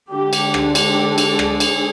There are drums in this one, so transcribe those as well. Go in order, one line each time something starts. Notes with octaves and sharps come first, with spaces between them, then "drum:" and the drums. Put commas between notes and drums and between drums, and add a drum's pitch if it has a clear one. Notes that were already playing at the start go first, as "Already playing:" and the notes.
D3 G#3 D4 G4
drum: cymbal
drum: rim click
G4, drum: cymbal
drum: cymbal
G#4, drum: rim click
drum: cymbal